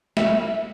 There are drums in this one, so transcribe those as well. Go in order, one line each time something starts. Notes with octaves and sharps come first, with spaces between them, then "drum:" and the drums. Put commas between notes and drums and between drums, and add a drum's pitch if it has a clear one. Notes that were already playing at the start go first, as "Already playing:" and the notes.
E5, drum: snare